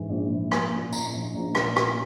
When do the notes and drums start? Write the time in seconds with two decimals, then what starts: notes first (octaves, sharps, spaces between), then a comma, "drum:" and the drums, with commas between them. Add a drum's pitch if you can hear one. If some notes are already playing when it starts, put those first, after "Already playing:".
Already playing: G#2 E3
0.10 A#1
0.30 A#1
0.51 A#1 G#5, drum: rim click
0.73 A#2
0.93 A#2 A#5, drum: tambourine
1.13 A#1
1.34 A#1
1.55 A#2, drum: rim click
1.76 A#2, drum: rim click